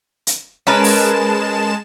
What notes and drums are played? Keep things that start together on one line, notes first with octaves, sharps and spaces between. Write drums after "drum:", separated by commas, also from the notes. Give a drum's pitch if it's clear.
drum: hi-hat
G#3 C#4 A#4 B4 A5 E7
drum: open hi-hat